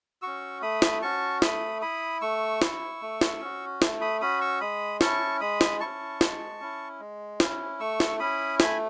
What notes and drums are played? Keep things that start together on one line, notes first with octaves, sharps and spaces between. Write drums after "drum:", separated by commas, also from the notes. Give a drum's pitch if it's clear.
C#4 F#4 C#6 E6
A3 B5 D#6
drum: snare
C#4 F#4 A5 C#6
A3 B5 D#6, drum: snare
E4 B5 D#6
A3 C#6 E6
E4, drum: snare
A3
drum: snare
C#4 F#4
A3, drum: snare
B5 D#6
C#4 F#4 B5 D#6
C#6 E6
G#3 B5 D#6
C#4 E4 A5 C#6, drum: snare
G#3 B5 D#6
drum: snare
C#4 E4 A5 C#6
G#3, drum: snare
C#4 E4
G#3
C#4 E4, drum: snare
A3 C#6 E6
drum: snare
C#4 E4 B5 D#6
A3 G#5 B5, drum: snare